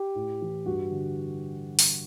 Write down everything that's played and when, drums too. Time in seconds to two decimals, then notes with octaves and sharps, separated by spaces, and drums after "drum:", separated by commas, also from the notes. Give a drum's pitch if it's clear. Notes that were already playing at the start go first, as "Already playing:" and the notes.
Already playing: G4
0.15 A2
0.41 E3
0.66 G2 F#4
0.91 D3
1.79 drum: open hi-hat